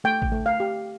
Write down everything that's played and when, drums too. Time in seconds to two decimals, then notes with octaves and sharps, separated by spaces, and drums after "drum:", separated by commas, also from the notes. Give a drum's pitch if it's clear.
0.04 A3 G5
0.22 drum: kick A1
0.32 A3
0.46 F5
0.60 G4